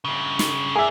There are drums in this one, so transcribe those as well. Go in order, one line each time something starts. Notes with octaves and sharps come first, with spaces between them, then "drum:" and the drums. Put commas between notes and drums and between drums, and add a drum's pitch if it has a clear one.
G2 C#3
drum: snare
G#4 A#4 D5 E5